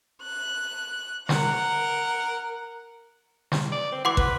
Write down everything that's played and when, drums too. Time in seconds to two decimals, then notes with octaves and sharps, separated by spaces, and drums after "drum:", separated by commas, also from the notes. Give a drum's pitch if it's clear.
0.23 F#6
1.29 A#4 F#5, drum: snare
3.52 drum: snare
3.72 D5
3.92 C4
4.05 E3 F#5 C6 D6
4.17 B4, drum: kick